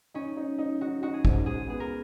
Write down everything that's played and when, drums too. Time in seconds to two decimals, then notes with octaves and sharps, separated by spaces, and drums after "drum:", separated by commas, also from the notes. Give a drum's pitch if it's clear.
0.14 C#4 D#4
0.37 D#4
0.59 D#4
0.81 D#4 F#4
1.03 D#4 F#4
1.14 G#4
1.25 G#2, drum: kick
1.46 G#3 G#4
1.68 B3 G#4
1.80 A#4